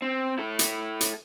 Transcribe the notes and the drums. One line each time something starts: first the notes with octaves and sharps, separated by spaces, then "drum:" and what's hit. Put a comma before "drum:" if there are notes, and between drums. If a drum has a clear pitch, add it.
C4
E4 A4
drum: hi-hat
drum: hi-hat